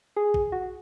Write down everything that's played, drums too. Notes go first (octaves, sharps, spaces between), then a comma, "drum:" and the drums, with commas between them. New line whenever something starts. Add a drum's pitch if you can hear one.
G#4
drum: kick A1
F#4